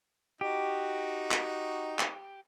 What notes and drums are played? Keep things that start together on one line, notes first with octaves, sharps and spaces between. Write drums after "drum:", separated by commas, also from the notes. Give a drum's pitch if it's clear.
D#4 F#4 G4
drum: clap
drum: clap